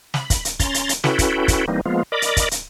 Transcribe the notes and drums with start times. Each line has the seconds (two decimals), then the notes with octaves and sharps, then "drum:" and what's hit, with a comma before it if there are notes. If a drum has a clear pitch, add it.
0.14 B5, drum: snare
0.30 drum: kick, hi-hat
0.45 drum: hi-hat
0.60 C#4 A#5 C6 A6, drum: kick, hi-hat
0.74 drum: hi-hat
0.89 drum: hi-hat
1.04 C#4 E4 F#4 A4 B4 G5, drum: snare
1.19 drum: kick, hi-hat
1.48 drum: kick, hi-hat
1.68 E3 G3 A#3 C4 D#4
1.86 F3 G#3 A#3 B3 F4
2.12 A#4 D5 D#5 B5 D6
2.22 drum: hi-hat
2.37 drum: kick, hi-hat
2.51 drum: hi-hat